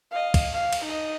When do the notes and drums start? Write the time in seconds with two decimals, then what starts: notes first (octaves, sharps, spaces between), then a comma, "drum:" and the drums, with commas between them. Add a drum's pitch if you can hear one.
0.11 D#5 F5
0.34 drum: kick, cymbal
0.53 F5
0.73 drum: cymbal
0.84 D#4 D#5